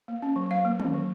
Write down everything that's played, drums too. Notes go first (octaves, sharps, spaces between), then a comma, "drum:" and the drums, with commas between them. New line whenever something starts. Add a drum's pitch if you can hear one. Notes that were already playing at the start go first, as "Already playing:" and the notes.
A#3
C#4
F#3
F#3 F5
A#3
C#4, drum: tom
F#3